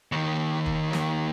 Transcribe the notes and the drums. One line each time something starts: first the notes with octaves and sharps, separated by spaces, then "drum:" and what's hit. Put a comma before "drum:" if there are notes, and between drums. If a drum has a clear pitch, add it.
D#2 D#3
drum: kick
drum: snare